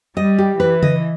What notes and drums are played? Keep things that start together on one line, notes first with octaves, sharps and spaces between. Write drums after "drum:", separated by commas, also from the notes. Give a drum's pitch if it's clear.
G3 D#5
G4
E3 B4
D#5, drum: tom C#3